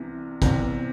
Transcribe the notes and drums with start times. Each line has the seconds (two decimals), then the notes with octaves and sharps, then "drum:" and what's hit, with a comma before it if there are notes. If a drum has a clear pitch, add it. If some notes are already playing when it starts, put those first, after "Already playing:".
Already playing: C2 C3 E3 B3
0.42 C2 C3 E3 C4, drum: kick, hi-hat
0.62 B3